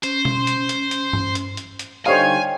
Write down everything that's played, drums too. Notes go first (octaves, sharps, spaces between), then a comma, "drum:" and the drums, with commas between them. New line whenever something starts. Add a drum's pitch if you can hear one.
C#4 C5, drum: hi-hat
drum: tom B2
drum: hi-hat
drum: hi-hat
drum: hi-hat
drum: tom G2
drum: hi-hat
drum: hi-hat
drum: hi-hat
D3 G3 D#4 C5 C#5 F5 G5 G#5